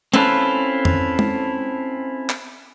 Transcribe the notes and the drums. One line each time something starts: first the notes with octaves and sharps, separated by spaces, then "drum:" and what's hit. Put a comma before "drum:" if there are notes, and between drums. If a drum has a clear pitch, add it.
C4 C#4 E4 F4 A4 B4, drum: hi-hat
drum: tom F2
drum: tom
drum: clap